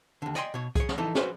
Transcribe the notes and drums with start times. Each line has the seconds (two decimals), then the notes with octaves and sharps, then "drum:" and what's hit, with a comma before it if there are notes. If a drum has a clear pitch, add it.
0.22 D#2 D3
0.35 D5 D#5 G5 G#5 B5 C6, drum: hi-hat
0.54 B2 C#5
0.75 G#4 C#5, drum: kick C2, hi-hat
0.89 drum: snare
0.98 E3 D#4 A4
1.15 F#4 B4 C5, drum: snare